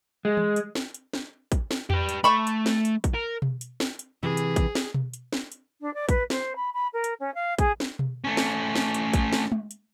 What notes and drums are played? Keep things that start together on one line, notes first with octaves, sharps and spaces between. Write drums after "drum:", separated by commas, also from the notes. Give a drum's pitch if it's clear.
G#3
drum: tom E3
drum: hi-hat
drum: snare
drum: hi-hat
drum: snare
drum: kick, hi-hat
drum: snare
G4 B4, drum: tom E2
drum: hi-hat
A3 B5 C#6
drum: hi-hat
drum: snare
drum: hi-hat
drum: kick, hi-hat
A#4
drum: tom B2
drum: hi-hat
drum: snare
drum: hi-hat
C3 E3 G#4
drum: hi-hat
drum: kick, hi-hat
drum: snare
drum: tom B2
drum: hi-hat
drum: snare
drum: hi-hat
D4
D5
B4, drum: kick, hi-hat
C5, drum: snare
B5
B5
A#4
drum: hi-hat
C#4
F5
G#4, drum: kick, hi-hat
drum: snare
drum: tom B2
A3 C#4
drum: snare
drum: snare
drum: hi-hat
drum: kick, hi-hat
drum: snare
drum: tom G#3
drum: hi-hat